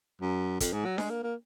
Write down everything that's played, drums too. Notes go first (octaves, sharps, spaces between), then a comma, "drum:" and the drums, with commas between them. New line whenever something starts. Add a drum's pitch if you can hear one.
F#2
F2, drum: kick, hi-hat
G#2
F#3
G#3, drum: snare D4
A#3
A#3